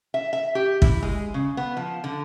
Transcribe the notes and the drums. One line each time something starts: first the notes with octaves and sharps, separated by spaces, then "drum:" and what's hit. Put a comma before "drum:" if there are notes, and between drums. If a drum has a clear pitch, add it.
E5
E5
G4
E4, drum: kick
G#3
C#3
B3
F3
D3